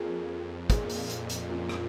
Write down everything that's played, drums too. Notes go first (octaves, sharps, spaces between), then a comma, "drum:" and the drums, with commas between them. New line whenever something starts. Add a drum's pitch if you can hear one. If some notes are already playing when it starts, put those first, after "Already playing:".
Already playing: F2 A#3 F4 G#4 C#5
A#2 D#4 G#4 C#5 F5, drum: kick, hi-hat
drum: open hi-hat
drum: hi-hat
drum: hi-hat
C#4 F4 A#4
drum: rim click